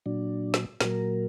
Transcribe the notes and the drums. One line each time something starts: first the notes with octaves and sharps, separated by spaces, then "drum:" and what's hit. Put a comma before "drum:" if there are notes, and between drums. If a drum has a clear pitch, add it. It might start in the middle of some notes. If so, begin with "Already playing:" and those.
A#2 F#3 D4
drum: snare
A#2 F#3 A#4, drum: snare